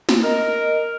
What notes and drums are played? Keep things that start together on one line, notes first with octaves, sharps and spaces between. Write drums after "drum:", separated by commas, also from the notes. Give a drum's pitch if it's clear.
drum: snare
A#4 D#5